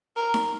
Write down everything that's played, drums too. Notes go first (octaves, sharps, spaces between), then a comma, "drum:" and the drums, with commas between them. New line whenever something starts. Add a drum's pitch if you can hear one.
A#4
drum: snare D#4